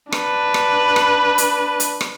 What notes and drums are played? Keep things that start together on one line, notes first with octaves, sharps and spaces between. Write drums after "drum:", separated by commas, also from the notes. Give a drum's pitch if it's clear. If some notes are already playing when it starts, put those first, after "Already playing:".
D4 B4, drum: rim click
drum: rim click
drum: rim click
drum: hi-hat
drum: hi-hat
drum: rim click